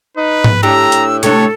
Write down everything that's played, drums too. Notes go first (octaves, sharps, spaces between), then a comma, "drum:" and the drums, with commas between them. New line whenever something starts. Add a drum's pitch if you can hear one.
D#4 B4
drum: tom G#2
A2 D4 G4 A4 A#5 E6
drum: hi-hat
C3 A3 D4 A4 C#5, drum: hi-hat